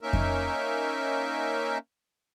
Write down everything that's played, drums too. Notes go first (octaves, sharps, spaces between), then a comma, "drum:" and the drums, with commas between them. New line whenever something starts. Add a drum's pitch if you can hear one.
A#3 C#4 D#4 A#4 E5
drum: kick F2